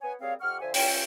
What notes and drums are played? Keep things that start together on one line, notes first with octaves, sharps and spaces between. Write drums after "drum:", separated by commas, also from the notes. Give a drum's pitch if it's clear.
B3 C#5 G#5
G3 A#3 C4 G#4 C#5 F5
F2 G4 F#5 C#6 F6
D3 F3 C5 E5 G#5
C#4 F4 G5, drum: open hi-hat